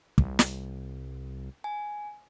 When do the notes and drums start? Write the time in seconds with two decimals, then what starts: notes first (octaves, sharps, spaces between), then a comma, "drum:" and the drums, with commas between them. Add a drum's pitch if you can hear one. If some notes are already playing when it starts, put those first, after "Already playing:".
0.18 C2, drum: kick
0.39 drum: snare
1.64 G#5